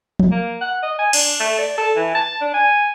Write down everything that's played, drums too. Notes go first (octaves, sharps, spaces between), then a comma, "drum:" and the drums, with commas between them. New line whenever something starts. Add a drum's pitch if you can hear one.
drum: tom F3
A#3
F#5
D#5
G#5
D4, drum: cymbal
A3
D5
A4
E3
A5
D4
G#5